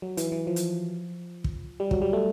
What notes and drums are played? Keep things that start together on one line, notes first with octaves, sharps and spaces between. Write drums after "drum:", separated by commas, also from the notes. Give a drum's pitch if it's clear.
F#3
E3, drum: hi-hat
E3
F3
drum: hi-hat
drum: kick
G3
F#3, drum: kick
G3
A3